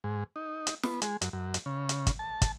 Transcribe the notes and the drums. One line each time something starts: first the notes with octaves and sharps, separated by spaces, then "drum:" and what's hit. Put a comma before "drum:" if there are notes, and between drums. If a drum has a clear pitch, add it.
G#2
D#4
drum: hi-hat
B3, drum: snare
G#3, drum: hi-hat
F#2, drum: hi-hat
F#2
drum: hi-hat
C#3
drum: hi-hat
drum: kick, hi-hat
A5
drum: kick, hi-hat